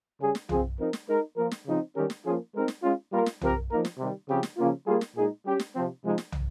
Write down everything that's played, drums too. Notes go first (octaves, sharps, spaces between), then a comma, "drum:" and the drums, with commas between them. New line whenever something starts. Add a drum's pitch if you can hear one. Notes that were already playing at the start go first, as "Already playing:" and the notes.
C#3 G3 C#4 G#4
drum: snare
F3 C4 F4 G#4, drum: tom
F3 C4 D#4 A#4
drum: snare
G#3 D#4 A#4
F3 A#3 F4 A#4
drum: snare
C#3 F3 C4 D#4
D#3 G3 C#4 G4 A#4
drum: snare
F3 A#3 C#4 F4 G#4
G#3 C4 D#4 A#4
drum: snare
G#3 C#4 F4
G3 A#3 F4 A#4
drum: snare
F3 C4 G4 A#4, drum: tom
F3 A#3 D#4 A#4
drum: snare
C3 D#3 G3
C#3 F3 C4 G4
drum: snare
C#3 F3 A#3 C#4 F4
G3 A#3 F4 G#4
drum: snare
A#2 G#3 D#4 G#4
G3 C#4 G4
drum: snare
C3 F3 C4
C3 F3 G#3 D#4
drum: snare
drum: tom